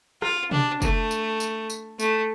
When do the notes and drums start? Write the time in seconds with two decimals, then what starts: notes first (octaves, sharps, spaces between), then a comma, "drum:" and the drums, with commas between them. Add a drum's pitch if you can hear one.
0.22 F4, drum: rim click
0.51 D4, drum: tom B2
0.82 A3, drum: kick, tambourine
1.11 drum: tambourine
1.40 drum: tambourine
1.70 drum: tambourine
2.00 A3, drum: tambourine